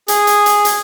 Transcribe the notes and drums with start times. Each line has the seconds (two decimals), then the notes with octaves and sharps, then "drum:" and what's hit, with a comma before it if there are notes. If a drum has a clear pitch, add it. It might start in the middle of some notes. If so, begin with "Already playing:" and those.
0.08 G#4, drum: hi-hat
0.27 drum: hi-hat
0.46 drum: hi-hat
0.65 drum: hi-hat